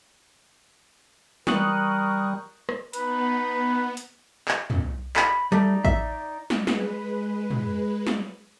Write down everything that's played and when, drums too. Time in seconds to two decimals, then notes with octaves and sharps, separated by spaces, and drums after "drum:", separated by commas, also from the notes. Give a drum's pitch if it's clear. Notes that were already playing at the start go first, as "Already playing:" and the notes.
1.47 E3 G3 A#4 C#6 D#6 F#6, drum: snare
2.69 drum: rim click
2.93 B3 D#4 B4, drum: hi-hat
3.97 drum: hi-hat
4.48 drum: clap
4.70 drum: tom
5.16 B5, drum: clap
5.52 G3 A3 D#4 D5
5.85 E5, drum: kick A1
6.50 drum: snare
6.67 G#3 B4, drum: snare
7.50 drum: tom
8.07 drum: snare